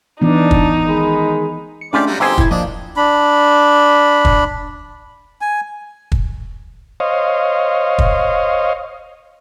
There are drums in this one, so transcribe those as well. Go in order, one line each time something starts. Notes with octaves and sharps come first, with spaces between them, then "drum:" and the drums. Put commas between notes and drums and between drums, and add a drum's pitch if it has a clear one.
E3 B3 D4 D#4
drum: kick
D#3 G#3 B5
C#7
G#2 A3 C#4 D4 F4 G4 D5
F#3 G3
G1 F2 G4 G#4 C5 A#5 E6 G#6
E4 G#6, drum: kick
F3 A#3 D4 D#5
D4 B5
drum: kick
G#5
drum: kick
C5 C#5 D#5 F5
drum: kick